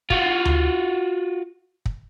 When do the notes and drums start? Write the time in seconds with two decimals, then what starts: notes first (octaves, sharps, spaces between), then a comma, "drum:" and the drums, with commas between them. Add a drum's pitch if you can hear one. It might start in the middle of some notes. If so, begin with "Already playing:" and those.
0.10 F4 F#4, drum: kick
0.45 drum: tom D2
1.86 drum: kick